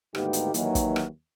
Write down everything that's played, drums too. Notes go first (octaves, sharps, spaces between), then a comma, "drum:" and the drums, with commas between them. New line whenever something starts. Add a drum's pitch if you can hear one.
D2 G#2 D#3 A#3 B3 G4, drum: rim click
drum: hi-hat
D#2 D#3 E3 F#3, drum: hi-hat
drum: kick, hi-hat
drum: rim click